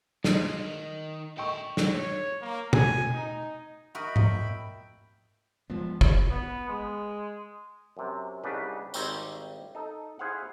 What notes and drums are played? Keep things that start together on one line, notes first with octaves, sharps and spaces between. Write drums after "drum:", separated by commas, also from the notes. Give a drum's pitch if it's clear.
G#3 F4 D#5, drum: snare
D#3
D3 E4 D#5 G5 C#6
drum: snare
C#5
A#3
G#5, drum: tom
D#4
F#4 A#4 D#5 E5 G5 B5
drum: tom G#2
E2 F3 G#3 B3
drum: kick
B3
G#3
F#2 C3
C2 C#3 D4 D#4 B4
G#1 G3 C4 D#4 C#5, drum: tambourine
D#4 A4
E4 G#4 C5 F5 F#5